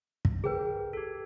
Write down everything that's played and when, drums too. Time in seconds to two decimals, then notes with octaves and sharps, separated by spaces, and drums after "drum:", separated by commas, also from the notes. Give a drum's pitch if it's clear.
0.25 drum: kick
0.44 G#4 A#4 B4 G5
0.93 G4 A4